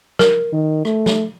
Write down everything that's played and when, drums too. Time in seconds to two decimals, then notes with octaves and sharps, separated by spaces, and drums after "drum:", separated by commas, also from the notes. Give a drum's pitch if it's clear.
0.19 A#4, drum: snare
0.53 D#3
0.85 A3, drum: rim click
1.06 drum: snare